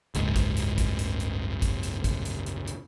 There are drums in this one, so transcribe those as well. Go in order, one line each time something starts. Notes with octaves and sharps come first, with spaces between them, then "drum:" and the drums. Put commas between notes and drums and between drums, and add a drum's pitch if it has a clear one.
F#1 C#2 G#2, drum: hi-hat
drum: kick G#1, hi-hat
drum: hi-hat
drum: kick G#1, hi-hat
drum: hi-hat
drum: hi-hat
drum: kick G#1, hi-hat
drum: hi-hat
drum: kick G#1, hi-hat
drum: hi-hat
drum: hi-hat
drum: hi-hat